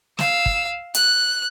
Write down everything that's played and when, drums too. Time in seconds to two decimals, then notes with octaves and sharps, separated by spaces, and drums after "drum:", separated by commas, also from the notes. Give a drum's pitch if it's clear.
0.19 F5 E6, drum: snare
0.46 drum: kick
0.95 F#6, drum: hi-hat